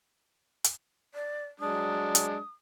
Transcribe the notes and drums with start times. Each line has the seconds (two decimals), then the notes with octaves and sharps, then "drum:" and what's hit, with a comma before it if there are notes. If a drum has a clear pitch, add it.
0.64 drum: hi-hat
1.14 D5
1.60 F#3 G#3 D4 D#6
2.15 drum: hi-hat